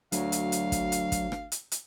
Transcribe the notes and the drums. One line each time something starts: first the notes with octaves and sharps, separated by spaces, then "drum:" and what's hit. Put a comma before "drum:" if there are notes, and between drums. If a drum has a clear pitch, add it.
D2 F#3 F5, drum: hi-hat
drum: hi-hat
drum: hi-hat
drum: kick, hi-hat
drum: hi-hat
drum: kick, hi-hat
drum: rim click
drum: hi-hat
drum: hi-hat